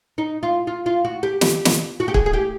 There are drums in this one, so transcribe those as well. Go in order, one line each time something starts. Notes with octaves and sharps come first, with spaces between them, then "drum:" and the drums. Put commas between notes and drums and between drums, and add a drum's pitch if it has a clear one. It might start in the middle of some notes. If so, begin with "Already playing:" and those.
D#4
F4
F4
F4
F#4
G4
G4, drum: snare
drum: snare
F#4
G4
G#4, drum: kick
G#4
G4